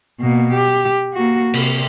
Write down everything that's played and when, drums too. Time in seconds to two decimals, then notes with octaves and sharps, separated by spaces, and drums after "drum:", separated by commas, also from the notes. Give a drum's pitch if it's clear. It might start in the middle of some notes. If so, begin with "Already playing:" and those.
0.20 B2 A#3
0.53 G4
1.13 A#3 F#4
1.54 C3, drum: cymbal